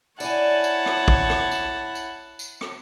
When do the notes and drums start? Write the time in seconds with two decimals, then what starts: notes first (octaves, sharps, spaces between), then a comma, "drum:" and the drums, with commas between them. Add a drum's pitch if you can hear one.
0.20 E4 C#5 D5 F#5 G#5 A5, drum: tambourine
0.64 drum: tambourine
0.86 drum: rim click
1.08 drum: kick
1.30 drum: rim click
1.51 drum: tambourine
1.95 drum: tambourine
2.39 drum: tambourine
2.61 drum: rim click